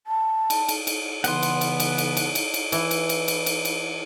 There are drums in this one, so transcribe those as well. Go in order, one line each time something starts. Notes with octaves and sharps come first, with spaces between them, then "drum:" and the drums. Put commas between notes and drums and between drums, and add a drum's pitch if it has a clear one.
A5
drum: cymbal
drum: cymbal
drum: cymbal
C#3 E3 B3 F#5 C6, drum: cymbal
drum: cymbal
drum: cymbal
drum: cymbal
drum: cymbal
drum: cymbal
drum: cymbal
drum: cymbal
E3, drum: cymbal
drum: cymbal
drum: cymbal
drum: cymbal
drum: cymbal
drum: cymbal